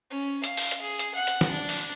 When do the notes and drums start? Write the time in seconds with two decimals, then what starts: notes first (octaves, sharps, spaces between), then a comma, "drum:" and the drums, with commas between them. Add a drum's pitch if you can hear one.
0.10 C#4
0.44 F5, drum: hi-hat
0.57 drum: open hi-hat
0.71 drum: hi-hat
0.81 G#4
0.99 drum: hi-hat
1.15 F#5
1.27 drum: hi-hat
1.41 drum: snare
1.50 D4
1.69 drum: open hi-hat